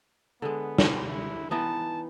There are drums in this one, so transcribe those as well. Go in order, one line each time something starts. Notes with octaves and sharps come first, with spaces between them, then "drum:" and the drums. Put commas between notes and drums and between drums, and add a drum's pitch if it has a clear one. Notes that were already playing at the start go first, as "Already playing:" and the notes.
D3 G#3 B3
drum: snare
E4
E3 B3 D#4 A5